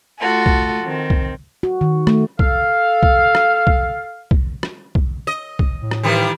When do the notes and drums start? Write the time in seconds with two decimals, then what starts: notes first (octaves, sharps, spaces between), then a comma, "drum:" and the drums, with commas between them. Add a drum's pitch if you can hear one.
0.19 A3 F4 F#4 A4
0.46 drum: kick B1
0.84 D#3 C4
1.10 drum: kick B1
1.63 F#4
1.81 D#3
2.07 A3, drum: rim click
2.39 A4 F5, drum: kick B1
3.03 drum: kick B1
3.35 drum: rim click
3.67 drum: kick B1
4.31 drum: kick B1
4.63 drum: rim click
4.95 drum: kick B1
5.27 D#5
5.59 drum: kick B1
5.80 A2
5.91 drum: rim click
6.03 D#3 E3 G3